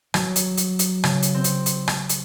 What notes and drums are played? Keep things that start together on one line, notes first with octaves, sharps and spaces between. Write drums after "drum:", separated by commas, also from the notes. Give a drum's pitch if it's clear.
F#3, drum: rim click
drum: hi-hat
drum: hi-hat
drum: hi-hat
C#3, drum: rim click
drum: hi-hat
C4
drum: hi-hat
drum: hi-hat
drum: rim click
drum: hi-hat